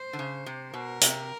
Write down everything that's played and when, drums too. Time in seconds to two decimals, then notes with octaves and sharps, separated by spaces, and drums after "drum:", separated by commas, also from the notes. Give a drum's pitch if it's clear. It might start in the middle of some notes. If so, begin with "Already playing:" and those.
Already playing: C5
0.13 D3
0.19 C#3
0.46 C3
0.74 B2 A#4
1.01 C3, drum: hi-hat